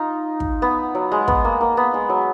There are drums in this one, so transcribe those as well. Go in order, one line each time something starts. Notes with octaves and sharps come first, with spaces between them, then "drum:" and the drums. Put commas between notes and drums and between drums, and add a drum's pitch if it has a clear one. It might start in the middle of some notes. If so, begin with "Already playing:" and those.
Already playing: D#4 F4
drum: kick
B3
F#3
G#3
B3, drum: kick
A#3
A#3
B3
G#3
F#3